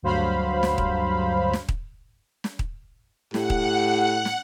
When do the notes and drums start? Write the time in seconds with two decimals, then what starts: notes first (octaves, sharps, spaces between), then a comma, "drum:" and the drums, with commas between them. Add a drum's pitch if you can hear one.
0.02 D2 G2 F#3 C5 F5 B5
0.63 drum: snare
0.78 drum: kick D#1
1.53 drum: snare
1.69 drum: kick D#1
2.44 drum: snare
2.59 drum: kick D#1
3.34 A2 G4 F#5, drum: snare
3.50 drum: kick D#1
4.25 drum: snare